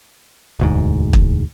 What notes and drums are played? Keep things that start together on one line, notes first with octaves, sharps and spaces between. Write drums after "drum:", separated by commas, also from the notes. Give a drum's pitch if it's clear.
E1 D2 G#2
drum: kick